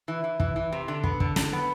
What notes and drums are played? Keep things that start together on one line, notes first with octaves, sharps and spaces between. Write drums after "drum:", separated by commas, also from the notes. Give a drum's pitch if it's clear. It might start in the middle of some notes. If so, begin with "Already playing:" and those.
E3
E3
E3, drum: kick
E3
C3
D3
B3, drum: kick
D3, drum: kick
D3, drum: snare
B3